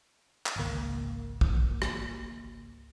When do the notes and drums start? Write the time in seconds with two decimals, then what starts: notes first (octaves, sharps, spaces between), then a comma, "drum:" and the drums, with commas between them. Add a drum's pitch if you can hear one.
0.46 drum: clap
0.56 G#1 C#2 A#3
1.41 drum: kick
1.82 drum: rim click